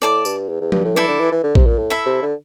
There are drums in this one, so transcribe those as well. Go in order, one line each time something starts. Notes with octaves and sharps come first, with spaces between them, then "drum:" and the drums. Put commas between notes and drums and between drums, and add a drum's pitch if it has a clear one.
A2 D5 A5 D6
G2, drum: tambourine
E2
E2
G2, drum: tom F3
A2
E3 E4 A4 D5
D3
E3
E3
D3
C3, drum: kick A#1
A#2
A2
E4 A4 E5
C3
D3